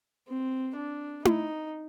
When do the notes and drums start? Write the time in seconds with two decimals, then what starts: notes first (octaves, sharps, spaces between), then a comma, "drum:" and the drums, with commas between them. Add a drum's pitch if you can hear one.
0.28 C4
0.76 D4
1.25 D#4, drum: tom E4